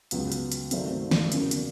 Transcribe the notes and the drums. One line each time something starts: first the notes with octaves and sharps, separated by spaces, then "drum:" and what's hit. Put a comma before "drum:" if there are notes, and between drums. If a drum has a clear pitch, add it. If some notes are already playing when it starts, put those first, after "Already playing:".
C#2 C#3 F#3 B3, drum: hi-hat
drum: hi-hat
drum: hi-hat
G2 D#3 F#3 A3 C4, drum: hi-hat
drum: snare
E2 C#3 F#3 A#3 C#4, drum: hi-hat
drum: hi-hat